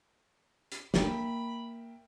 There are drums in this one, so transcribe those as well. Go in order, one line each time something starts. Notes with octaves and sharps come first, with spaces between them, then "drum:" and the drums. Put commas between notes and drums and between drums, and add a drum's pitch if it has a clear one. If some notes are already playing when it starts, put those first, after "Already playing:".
drum: hi-hat
A#3 A#4 E5 G5 B5, drum: snare